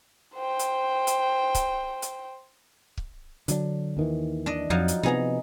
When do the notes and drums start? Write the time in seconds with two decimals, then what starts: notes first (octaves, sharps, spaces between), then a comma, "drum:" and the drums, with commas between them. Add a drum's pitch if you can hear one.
0.35 C5 G5
0.59 drum: hi-hat
1.07 drum: hi-hat
1.55 drum: kick C#1, hi-hat
2.02 drum: hi-hat
2.98 drum: kick C#1
3.48 D3 F#3 D4, drum: hi-hat
3.97 D#2 D#3 E3
4.46 D4 D#5
4.70 F2 F3 F#3 D#4
4.88 drum: hi-hat
5.03 C3 F3 B3 D#4 G#4 A#5